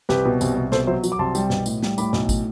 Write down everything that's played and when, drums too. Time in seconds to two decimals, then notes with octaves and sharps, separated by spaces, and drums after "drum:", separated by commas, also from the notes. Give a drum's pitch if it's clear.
0.09 C2 G4 B4, drum: snare
0.25 B2
0.41 C2, drum: tambourine
0.56 C2
0.72 B2 A4 C5, drum: snare
0.87 F#3 C5 E5
1.04 F#3, drum: tambourine
1.12 D6
1.19 C2 A5 C6
1.35 G3, drum: tambourine
1.50 B1, drum: snare
1.66 A2, drum: tambourine
1.82 G3, drum: snare
1.98 A2 B5 D6, drum: tambourine
2.13 B1, drum: snare
2.29 A2, drum: kick, tambourine